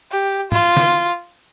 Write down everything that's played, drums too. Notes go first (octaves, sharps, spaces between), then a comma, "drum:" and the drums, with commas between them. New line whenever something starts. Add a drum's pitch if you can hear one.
G4
F4, drum: tom
drum: snare